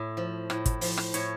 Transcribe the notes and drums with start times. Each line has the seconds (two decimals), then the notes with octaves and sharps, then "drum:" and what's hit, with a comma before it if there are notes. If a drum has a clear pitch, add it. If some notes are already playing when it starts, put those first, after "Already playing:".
Already playing: A2
0.17 F3
0.50 A2, drum: rim click
0.66 drum: kick, hi-hat
0.81 F3, drum: open hi-hat
0.98 drum: rim click
1.14 A2 C#5, drum: hi-hat